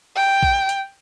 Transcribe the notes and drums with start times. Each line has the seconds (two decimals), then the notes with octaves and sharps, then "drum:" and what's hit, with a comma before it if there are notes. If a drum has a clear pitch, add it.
0.16 G5
0.43 drum: kick A#1
0.69 drum: hi-hat